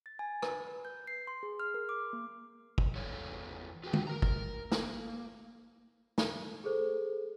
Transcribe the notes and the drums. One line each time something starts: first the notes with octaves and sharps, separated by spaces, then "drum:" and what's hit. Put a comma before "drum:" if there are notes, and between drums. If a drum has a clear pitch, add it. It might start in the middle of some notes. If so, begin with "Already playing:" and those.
A6
G#5
B4, drum: rim click
B4
G6
C7
C6
G#4
F6
A#4
D6
A#3
drum: kick
E2 A4 C#5 F5
F4 F#4 G#4 B4 G5
drum: tom
A#4 A#5
drum: kick
A#3, drum: snare
drum: snare
G#4 A4 C5